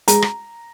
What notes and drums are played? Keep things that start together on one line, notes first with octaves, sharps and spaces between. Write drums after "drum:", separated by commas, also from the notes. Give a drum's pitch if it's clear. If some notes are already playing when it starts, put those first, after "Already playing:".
G#3 A#5, drum: hi-hat
drum: rim click